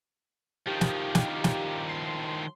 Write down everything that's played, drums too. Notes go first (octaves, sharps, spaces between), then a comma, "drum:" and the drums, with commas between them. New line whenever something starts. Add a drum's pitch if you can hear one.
D#3 F3 G4
drum: snare
drum: snare
drum: snare
C6